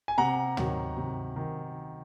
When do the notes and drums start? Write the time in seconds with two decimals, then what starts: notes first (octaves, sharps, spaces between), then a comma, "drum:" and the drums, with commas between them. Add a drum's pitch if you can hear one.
0.08 G#5
0.18 C3 F#5 A#5
0.57 D#3 F#3, drum: tom
0.97 C3
1.36 D#3